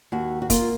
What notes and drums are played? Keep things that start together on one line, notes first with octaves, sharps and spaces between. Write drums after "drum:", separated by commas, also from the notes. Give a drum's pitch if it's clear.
D#2 F#4
F#4
A#3 F4, drum: kick, hi-hat